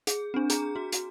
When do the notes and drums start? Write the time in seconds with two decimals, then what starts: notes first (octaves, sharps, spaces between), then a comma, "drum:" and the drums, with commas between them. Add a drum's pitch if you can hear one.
0.07 G#4, drum: hi-hat
0.34 C4 D4
0.50 G#4 A#5, drum: hi-hat
0.76 F#4
0.92 drum: hi-hat